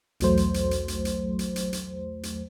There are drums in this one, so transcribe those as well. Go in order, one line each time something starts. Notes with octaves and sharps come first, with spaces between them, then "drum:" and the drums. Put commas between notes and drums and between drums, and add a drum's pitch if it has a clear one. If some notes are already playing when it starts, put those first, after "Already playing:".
B1 E2 F#3 A3 C5, drum: hi-hat
drum: hi-hat
drum: hi-hat
drum: hi-hat
drum: hi-hat
drum: hi-hat
drum: hi-hat
drum: hi-hat
drum: hi-hat
drum: hi-hat